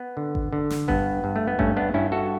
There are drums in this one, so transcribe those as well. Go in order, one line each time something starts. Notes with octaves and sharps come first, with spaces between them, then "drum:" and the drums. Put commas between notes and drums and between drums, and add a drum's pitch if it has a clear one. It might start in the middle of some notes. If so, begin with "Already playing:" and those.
Already playing: B3
D3
drum: kick G#1
D3
drum: snare
G2 B3, drum: kick G#1
G2
A3
B3
G2 A3 C#4, drum: kick G#1
B3 D4
G2 C#4 E4
F#4 A4